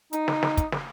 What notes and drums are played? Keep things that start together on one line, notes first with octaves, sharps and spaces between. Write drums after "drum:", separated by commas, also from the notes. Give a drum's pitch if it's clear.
D#4, drum: hi-hat
drum: snare
drum: snare
drum: kick, hi-hat
drum: snare